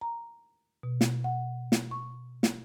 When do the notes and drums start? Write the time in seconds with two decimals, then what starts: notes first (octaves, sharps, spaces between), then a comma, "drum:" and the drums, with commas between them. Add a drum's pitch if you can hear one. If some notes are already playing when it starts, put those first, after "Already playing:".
0.01 A#5
0.83 B2
1.01 drum: snare
1.24 F#5
1.72 drum: snare
1.91 C#6
2.43 drum: snare